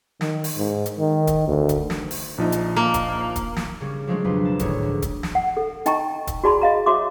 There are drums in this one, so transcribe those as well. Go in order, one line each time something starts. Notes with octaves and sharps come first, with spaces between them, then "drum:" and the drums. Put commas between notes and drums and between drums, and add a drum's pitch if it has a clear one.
D#3, drum: snare
drum: open hi-hat
G#2
drum: hi-hat
D#3
drum: kick, hi-hat
D2
drum: kick, hi-hat
drum: snare
drum: open hi-hat
A#1 F3 D#4
drum: hi-hat
A#3
drum: kick, hi-hat
drum: kick, hi-hat
drum: snare
C#3 G3 C#4
F3 F#3 G#3 A3 C4 D4
B1 F2 G4 B4 C6
A5
D2 A2 D3 D#3 G#4 C#5, drum: kick, hi-hat
D3
drum: kick, hi-hat
drum: snare
F#5
A4
D#4 D#5 G5 A5 A#5 C#6, drum: hi-hat
drum: kick, hi-hat
F#4 G#4 D5 A5 B5 C6
D#5 F5 A#5
F#4 C#5 E5 C6 D6 D#6